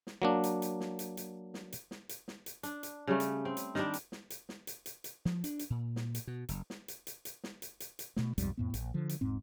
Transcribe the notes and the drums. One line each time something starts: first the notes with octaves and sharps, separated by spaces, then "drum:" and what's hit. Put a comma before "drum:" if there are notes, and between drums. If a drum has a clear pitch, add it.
drum: snare
F#3 A#3 D4
drum: hi-hat
drum: hi-hat
drum: snare
drum: hi-hat
drum: hi-hat
drum: snare
drum: hi-hat
drum: snare
drum: hi-hat
drum: snare
drum: hi-hat
D4, drum: hi-hat
drum: hi-hat
C#3 G3 A3
drum: hi-hat
C4
drum: hi-hat
D#3 G3 D4, drum: snare
drum: hi-hat
drum: snare
drum: hi-hat
drum: snare
drum: hi-hat
drum: hi-hat
drum: hi-hat
F3, drum: snare
D4, drum: hi-hat
drum: hi-hat
A#2
drum: snare
drum: hi-hat
B2
F#1, drum: hi-hat
drum: snare
drum: hi-hat
drum: hi-hat
drum: hi-hat
drum: snare
drum: hi-hat
drum: hi-hat
drum: hi-hat
B2 A3, drum: snare
B1 F2 G#2 G3, drum: hi-hat
F2 A2 B3
A#1, drum: hi-hat
D3 F3
drum: hi-hat
E1 G#2 C4